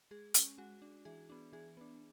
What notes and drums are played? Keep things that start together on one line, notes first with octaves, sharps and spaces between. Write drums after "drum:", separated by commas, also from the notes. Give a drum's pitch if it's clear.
G#3 G#4
C#4, drum: hi-hat
G#3 F#4
D4
E3 G#4
B3 D4
E3 G#4
B3 D4